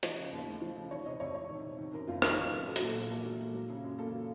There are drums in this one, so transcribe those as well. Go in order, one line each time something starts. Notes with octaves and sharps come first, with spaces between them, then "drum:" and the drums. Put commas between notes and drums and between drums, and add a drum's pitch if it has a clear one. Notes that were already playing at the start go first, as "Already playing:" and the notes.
F3 D#5, drum: hi-hat
C#3
D#2
A3
F3
C#3
D#3 C#5
C3 D#5
F2 C#5
F2 C#5
D#3
C3
D#3
F#2 A#4
F#1 F4
F#3 D#4, drum: rim click
D#3
F#2
F#3 A4
F#4, drum: hi-hat
A#2 A4
A#1
A#3 A4
F#3
A#2
F#3
C#3
F#2
A#3 A4
F#3